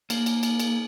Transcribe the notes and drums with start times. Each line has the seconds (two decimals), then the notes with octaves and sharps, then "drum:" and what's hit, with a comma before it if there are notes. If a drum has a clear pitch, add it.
0.10 A#3, drum: cymbal
0.26 drum: cymbal
0.43 drum: cymbal
0.60 drum: cymbal